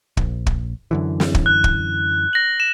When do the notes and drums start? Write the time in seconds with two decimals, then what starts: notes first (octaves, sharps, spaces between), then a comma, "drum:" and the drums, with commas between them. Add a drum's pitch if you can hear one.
0.17 A#1, drum: kick
0.46 drum: kick
0.91 F#2 D3 E3
1.20 drum: snare
1.35 drum: kick
1.46 F#6
1.64 drum: kick
2.33 A#6 F#7
2.60 E7